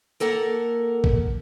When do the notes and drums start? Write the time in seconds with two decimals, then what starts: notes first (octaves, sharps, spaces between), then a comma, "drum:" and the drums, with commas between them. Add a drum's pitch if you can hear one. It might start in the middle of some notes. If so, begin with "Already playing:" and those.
0.20 A#3 A4 A#4 F#5
1.04 drum: kick A1